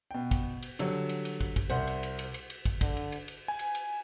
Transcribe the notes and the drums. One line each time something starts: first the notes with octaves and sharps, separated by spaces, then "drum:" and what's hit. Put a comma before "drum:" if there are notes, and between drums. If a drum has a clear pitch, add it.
B2 G5
drum: kick, cymbal
drum: cymbal
D3 F#3 G3 C#5, drum: cymbal
drum: cymbal
drum: cymbal
drum: kick, cymbal
drum: kick, cymbal
C2 C5 F#5, drum: cymbal
drum: cymbal
drum: cymbal
drum: cymbal
drum: cymbal
drum: cymbal
drum: kick, cymbal
D3, drum: kick, cymbal
drum: cymbal
drum: cymbal
drum: cymbal
G#5
drum: cymbal
drum: cymbal